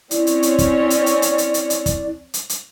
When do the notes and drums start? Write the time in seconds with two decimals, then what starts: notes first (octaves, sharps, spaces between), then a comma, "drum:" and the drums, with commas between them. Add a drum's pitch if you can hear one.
0.11 C4 C#4 E4 C#5 D5, drum: hi-hat
0.27 drum: hi-hat
0.43 drum: hi-hat
0.58 drum: kick, hi-hat
0.90 drum: hi-hat
1.06 drum: hi-hat
1.22 drum: hi-hat
1.38 drum: hi-hat
1.54 drum: hi-hat
1.70 drum: hi-hat
1.86 drum: kick, hi-hat
2.34 drum: hi-hat
2.49 drum: hi-hat